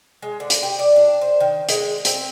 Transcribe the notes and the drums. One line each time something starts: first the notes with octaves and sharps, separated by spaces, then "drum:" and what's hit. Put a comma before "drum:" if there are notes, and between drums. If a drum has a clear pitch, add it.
G#3
D3
drum: hi-hat
G4
D5
D4
C5
D#3
G#3, drum: hi-hat
C4, drum: hi-hat